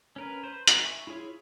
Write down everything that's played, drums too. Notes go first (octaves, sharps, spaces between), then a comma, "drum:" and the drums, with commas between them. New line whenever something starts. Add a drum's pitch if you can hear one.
C#4 A#4 B4
B4 C5
D#4, drum: hi-hat
E5 G#5 C#6
E4 F4 G#4 C#5